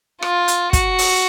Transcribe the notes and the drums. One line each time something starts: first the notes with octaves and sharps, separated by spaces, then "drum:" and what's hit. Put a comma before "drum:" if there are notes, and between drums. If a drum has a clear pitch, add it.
F4, drum: rim click
drum: hi-hat
F#4, drum: kick, hi-hat
drum: open hi-hat